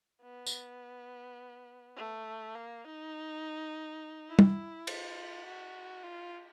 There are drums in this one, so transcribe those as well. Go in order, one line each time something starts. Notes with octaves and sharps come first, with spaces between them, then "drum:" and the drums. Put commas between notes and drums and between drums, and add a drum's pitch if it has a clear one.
B3
drum: tambourine
A3
A#3
D#4
E4
drum: tom
F4, drum: cymbal
F#4
F4